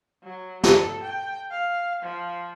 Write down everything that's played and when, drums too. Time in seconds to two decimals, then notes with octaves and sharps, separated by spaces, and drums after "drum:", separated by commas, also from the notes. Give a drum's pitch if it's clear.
0.23 F#3
0.64 A4, drum: snare
1.03 G5
1.51 F5
2.03 F3